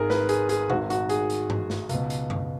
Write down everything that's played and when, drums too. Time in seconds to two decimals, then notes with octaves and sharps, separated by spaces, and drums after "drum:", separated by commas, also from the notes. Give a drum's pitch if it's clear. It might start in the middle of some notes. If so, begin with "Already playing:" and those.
Already playing: G#1 G#2 D#3 G#4 A#4
0.10 B4, drum: snare A3
0.29 G#4, drum: hi-hat
0.49 G#4, drum: hi-hat
0.70 G#1 G#2 D#3 F#4, drum: tom A#2
0.90 F#4, drum: hi-hat
1.09 G#4, drum: hi-hat
1.30 drum: hi-hat
1.50 drum: tom G2
1.70 drum: snare A3
1.89 C#2 B2, drum: hi-hat
2.10 drum: hi-hat
2.30 drum: tom F#2